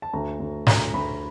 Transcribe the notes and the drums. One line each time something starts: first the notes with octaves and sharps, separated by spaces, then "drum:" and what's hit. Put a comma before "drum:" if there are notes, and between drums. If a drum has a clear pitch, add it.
A5
D2 A#5
D2
D2 A#5, drum: snare
D2 B5